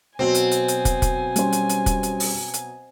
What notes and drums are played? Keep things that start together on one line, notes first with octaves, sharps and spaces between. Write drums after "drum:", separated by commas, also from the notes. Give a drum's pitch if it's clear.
B2 F#3 C4 G#5
drum: hi-hat
drum: hi-hat
drum: hi-hat
drum: kick, hi-hat
drum: kick, hi-hat
G3 C#4 C5, drum: hi-hat
drum: hi-hat
drum: hi-hat
drum: kick, hi-hat
drum: hi-hat
drum: open hi-hat
drum: hi-hat